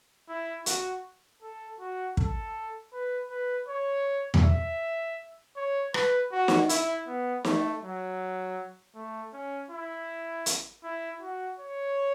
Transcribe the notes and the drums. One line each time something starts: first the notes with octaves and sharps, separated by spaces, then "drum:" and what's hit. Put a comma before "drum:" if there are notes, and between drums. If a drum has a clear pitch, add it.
E4
F#4, drum: hi-hat
A4
F#4
A4, drum: kick
B4
B4
C#5
drum: tom E2
E5
C#5
B4, drum: rim click
F#4
drum: snare
E4, drum: hi-hat
B3
A3, drum: snare
F#3
A3
C#4
E4
drum: hi-hat
E4
F#4
C#5